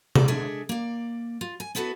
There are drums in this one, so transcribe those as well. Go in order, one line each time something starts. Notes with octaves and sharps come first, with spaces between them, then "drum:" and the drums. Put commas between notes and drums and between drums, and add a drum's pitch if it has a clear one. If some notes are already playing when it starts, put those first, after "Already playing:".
D5, drum: tom C3
G#3 D4 G#4 A4 E5
A#3 D5
F4
G#5
B3 E4 F#4 A4 B4